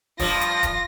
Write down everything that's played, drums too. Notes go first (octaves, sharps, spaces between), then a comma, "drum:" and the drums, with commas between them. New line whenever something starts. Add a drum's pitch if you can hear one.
G2 F3 F4 A#6, drum: kick D1, open hi-hat
drum: hi-hat
drum: kick D1, hi-hat